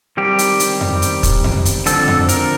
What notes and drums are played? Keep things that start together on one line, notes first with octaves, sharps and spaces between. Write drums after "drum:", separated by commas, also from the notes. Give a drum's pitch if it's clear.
D#3 G3 C4 G4
drum: hi-hat
drum: hi-hat
drum: tom F2
drum: hi-hat
drum: kick, hi-hat
drum: tom F2
drum: hi-hat
D3 F3 C4 A4, drum: hi-hat
drum: tom F2
A#4, drum: hi-hat